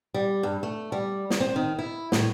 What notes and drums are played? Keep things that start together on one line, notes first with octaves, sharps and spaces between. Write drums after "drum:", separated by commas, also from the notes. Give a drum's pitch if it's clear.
G3
G2
A3
G3
drum: snare
C4
D#3
E4
A2, drum: snare